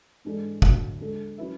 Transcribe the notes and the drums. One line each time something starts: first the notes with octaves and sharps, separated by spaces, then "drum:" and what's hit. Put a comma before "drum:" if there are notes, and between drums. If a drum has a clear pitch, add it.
G#2 E3 G#3 D4 A4
D2 D3 F#3, drum: kick
G#3 D4 A4
F#3 C#4 E4 B4 E5